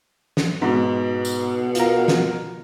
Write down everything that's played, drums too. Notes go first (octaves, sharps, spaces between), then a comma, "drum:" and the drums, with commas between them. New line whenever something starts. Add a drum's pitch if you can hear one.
drum: snare
G#2 B2
drum: tambourine
F4 A#4, drum: hi-hat
drum: snare